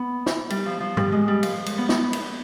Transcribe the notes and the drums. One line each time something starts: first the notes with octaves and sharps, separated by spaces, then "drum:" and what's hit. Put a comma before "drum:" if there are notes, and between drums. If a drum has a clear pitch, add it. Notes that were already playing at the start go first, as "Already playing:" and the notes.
Already playing: B3
drum: snare
G3, drum: cymbal
F3
F3
G3, drum: tom
G#3
G3
F3, drum: cymbal
drum: cymbal
B3
B3, drum: snare
drum: cymbal